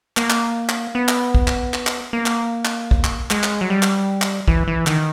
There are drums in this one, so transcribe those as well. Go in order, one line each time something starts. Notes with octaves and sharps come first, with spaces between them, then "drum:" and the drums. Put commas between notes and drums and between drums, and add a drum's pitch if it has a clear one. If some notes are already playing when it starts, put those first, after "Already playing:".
A#3, drum: clap
drum: clap
drum: clap
B3
drum: clap
drum: kick
drum: clap
drum: clap
drum: clap
A#3
drum: clap
drum: clap
drum: kick
drum: clap
G#3, drum: clap
drum: clap
F#3
G3
drum: clap
drum: clap
E3, drum: kick
E3
D#3, drum: clap